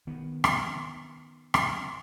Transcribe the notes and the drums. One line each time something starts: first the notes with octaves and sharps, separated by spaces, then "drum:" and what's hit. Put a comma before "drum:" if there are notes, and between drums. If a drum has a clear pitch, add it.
D#3 B3
drum: rim click
drum: rim click